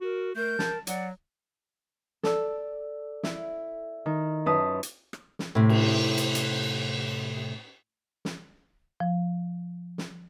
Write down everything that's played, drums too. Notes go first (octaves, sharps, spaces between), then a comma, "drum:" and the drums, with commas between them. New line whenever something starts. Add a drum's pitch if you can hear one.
F#4 A#4
A3 A#4 G6
A5, drum: snare
F#3 D5 F#5, drum: hi-hat
A4 D5 E6, drum: snare
E4, drum: snare
D#3
F#2 F4 B4 A5 D#6
drum: hi-hat
drum: rim click
drum: snare
A2 C3
drum: cymbal
drum: hi-hat
drum: hi-hat
drum: snare
F3
drum: snare